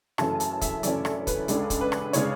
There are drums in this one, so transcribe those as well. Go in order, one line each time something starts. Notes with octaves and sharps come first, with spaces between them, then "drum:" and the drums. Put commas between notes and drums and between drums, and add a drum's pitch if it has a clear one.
F#2 C#3 E3 A3 C#4 A5, drum: rim click
A5, drum: hi-hat
E5, drum: kick, hi-hat
F#2 C#3 E3 A3 C#4 D5, drum: hi-hat
A4, drum: rim click
B4, drum: kick, hi-hat
C#2 C#3 G#3 D4 A4, drum: hi-hat
drum: kick, hi-hat
B4
drum: rim click
C#3 G#3 D4 C#5, drum: hi-hat